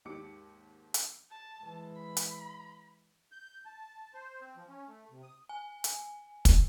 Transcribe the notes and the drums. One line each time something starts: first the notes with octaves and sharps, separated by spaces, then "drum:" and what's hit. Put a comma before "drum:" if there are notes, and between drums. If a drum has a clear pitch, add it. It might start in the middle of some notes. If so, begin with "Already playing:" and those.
D#2 G#2 G4 D6 C#7
drum: hi-hat
A5
E3 G#3
B5
drum: hi-hat
G6
A5
C5
C4
F3
C#4
A3
C3
D#6
G#5
drum: hi-hat
drum: kick, hi-hat